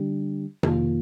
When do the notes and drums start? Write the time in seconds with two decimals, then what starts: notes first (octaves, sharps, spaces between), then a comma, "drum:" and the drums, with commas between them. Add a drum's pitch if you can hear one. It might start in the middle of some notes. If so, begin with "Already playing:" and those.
Already playing: D3 G3 D4 G4
0.63 F2 D#3 A#3 F4, drum: tom C3